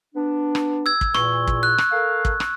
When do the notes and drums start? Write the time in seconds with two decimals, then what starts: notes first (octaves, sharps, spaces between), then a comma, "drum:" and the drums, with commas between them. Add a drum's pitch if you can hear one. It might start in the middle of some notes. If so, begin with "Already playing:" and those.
0.15 B3 D4
0.55 drum: rim click
0.86 E6 G#6
1.01 drum: kick
1.14 E2 A#2 C#6, drum: rim click
1.47 drum: kick
1.63 F#6
1.78 drum: rim click
1.92 A4 A#4 F5
2.25 drum: kick
2.40 drum: rim click